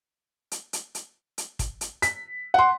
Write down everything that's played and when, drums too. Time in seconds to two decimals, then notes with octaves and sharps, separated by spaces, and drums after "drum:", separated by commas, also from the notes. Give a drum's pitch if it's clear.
0.51 drum: hi-hat
0.73 drum: hi-hat
0.95 drum: hi-hat
1.38 drum: hi-hat
1.59 drum: kick, hi-hat
1.81 drum: hi-hat
2.02 B6, drum: hi-hat
2.54 F#5 C6